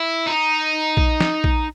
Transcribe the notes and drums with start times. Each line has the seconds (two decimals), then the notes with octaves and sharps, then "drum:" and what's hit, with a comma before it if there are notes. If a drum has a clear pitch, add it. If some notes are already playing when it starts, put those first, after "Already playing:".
Already playing: E4
0.26 D#4
0.97 drum: kick A#1
1.21 drum: snare
1.44 drum: kick A#1